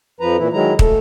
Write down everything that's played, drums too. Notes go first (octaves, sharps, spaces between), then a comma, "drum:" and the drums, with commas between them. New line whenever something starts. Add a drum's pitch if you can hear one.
F2 F3 B4 A#5
A#2 E3 E4
D#3 F#3 G#3 E4 A#5
A3 A4, drum: kick